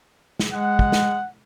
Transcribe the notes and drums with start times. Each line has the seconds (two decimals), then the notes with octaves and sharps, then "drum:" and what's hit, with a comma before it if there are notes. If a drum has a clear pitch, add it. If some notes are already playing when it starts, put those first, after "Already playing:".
0.39 drum: snare
0.53 G#3 F#5
0.79 drum: kick
0.92 drum: snare